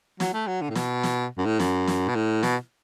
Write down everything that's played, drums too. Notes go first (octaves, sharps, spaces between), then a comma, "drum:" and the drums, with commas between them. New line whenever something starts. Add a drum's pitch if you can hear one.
F#3, drum: snare
A3
F#3
D3
A2
B2, drum: snare
drum: snare
F#2
A2
F#2, drum: snare
drum: snare
B2
A2
B2, drum: snare